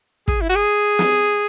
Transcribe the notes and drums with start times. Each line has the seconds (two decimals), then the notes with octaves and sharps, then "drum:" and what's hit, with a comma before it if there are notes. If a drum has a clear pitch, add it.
0.28 G#4, drum: kick
0.41 E4
0.49 F#4
0.55 G#4
0.99 drum: snare